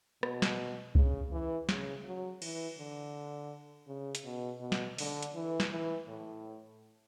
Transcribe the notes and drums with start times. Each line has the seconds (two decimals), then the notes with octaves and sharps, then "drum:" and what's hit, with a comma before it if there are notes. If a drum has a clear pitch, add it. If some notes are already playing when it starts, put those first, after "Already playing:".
0.23 B2, drum: rim click
0.42 drum: snare
0.95 C#3, drum: kick C2
1.32 E3
1.69 C#3, drum: snare
2.05 F#3
2.42 E3, drum: cymbal
2.79 D3
3.88 C#3
4.15 drum: hi-hat
4.25 B2
4.61 B2
4.72 drum: snare
4.98 D3, drum: open hi-hat
5.23 drum: hi-hat
5.35 E3
5.60 drum: snare
5.71 E3
6.08 A2